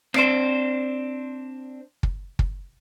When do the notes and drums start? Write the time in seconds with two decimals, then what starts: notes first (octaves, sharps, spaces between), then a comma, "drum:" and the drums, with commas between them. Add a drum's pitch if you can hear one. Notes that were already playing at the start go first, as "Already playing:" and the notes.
0.14 C4 D4 C5, drum: rim click
2.03 drum: kick
2.39 drum: kick